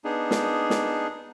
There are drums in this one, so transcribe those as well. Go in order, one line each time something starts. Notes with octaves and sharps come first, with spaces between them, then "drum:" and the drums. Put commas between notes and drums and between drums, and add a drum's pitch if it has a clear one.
B3 D4 D#4 G#4
drum: snare
drum: snare